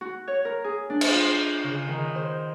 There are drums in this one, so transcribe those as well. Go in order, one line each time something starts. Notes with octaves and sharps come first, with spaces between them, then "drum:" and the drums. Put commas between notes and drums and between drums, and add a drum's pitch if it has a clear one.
F#4
C#5
A#4
G#4
D4
drum: cymbal
F4
C#3
D#3
C5